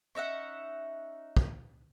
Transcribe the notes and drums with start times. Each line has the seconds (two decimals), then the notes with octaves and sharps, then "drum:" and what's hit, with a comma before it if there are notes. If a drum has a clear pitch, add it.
0.15 C#4 D#4 E5 F#5
1.37 drum: kick